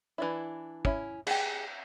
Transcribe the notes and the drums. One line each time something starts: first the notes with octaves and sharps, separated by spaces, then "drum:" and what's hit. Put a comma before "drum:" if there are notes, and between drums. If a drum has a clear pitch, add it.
E3 D4 E4
C#4 E4, drum: kick
G4 G#4, drum: cymbal